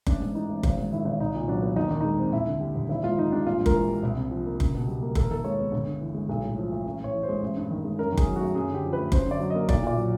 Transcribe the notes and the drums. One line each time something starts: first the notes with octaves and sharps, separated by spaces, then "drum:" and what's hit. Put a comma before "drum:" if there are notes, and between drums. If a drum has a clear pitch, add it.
A1 D4, drum: kick F#1
G#2
E3 D#4
A1
G#1, drum: kick F#1
G#2
D#3 E4
G#1
C2 D#4
A#2
F#3 D4
B3
D#2 D#4
D#3 D4
G#3 D#4
C4
D#2 E4
D3
G3
D#2
G#1 E4
G#2 F4
D#3 D#4
G3 D4
A#1 F4
G#2
A#4, drum: kick F#1
E3
G3
C2
C3
F3
A#3
C#2, drum: kick F#1
B2
G3
A#3
D#2 A4, drum: kick F#1
A#4
D#3 A4
G#3 C#5
B3
G1
G2
E3
G#3
B1
A2
F3
A3
A1
A2 C#5
E3
C5
G#3
A1
G2
D#3
G#3
F#2 A#4
D#3
G#4, drum: kick F#1
F#3
A3 F#4
F#2 G#4
D3
G4
F3
B4
A3
F#2 C5, drum: kick F#1
D3 D5
F#3
A#3 D#5
B1 D5, drum: kick F#1
A#2 D5
F#3